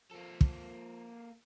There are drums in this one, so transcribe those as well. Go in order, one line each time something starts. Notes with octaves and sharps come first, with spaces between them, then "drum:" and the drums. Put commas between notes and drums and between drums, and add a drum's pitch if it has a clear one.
F3 A#3 A4
drum: kick